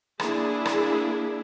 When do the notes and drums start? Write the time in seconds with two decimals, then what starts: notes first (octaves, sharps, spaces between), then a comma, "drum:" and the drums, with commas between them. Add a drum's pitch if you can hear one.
0.20 A#3 D4 E4 G#4, drum: rim click
0.65 drum: rim click